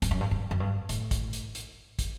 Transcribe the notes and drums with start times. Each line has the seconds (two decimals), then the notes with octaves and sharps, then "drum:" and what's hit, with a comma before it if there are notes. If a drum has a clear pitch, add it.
0.02 G2, drum: hi-hat
0.11 F#2
0.20 G2
0.31 G2
0.51 F#2
0.60 G2
0.89 A2, drum: hi-hat
1.11 drum: kick, hi-hat
1.33 drum: hi-hat
1.55 drum: hi-hat
1.99 drum: kick, hi-hat